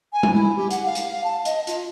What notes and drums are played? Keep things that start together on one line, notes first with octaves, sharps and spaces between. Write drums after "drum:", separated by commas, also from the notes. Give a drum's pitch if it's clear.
G#5
drum: tom G3
E4
G4
F#5, drum: hi-hat
F5
drum: hi-hat
A5
D#5, drum: hi-hat
F4, drum: hi-hat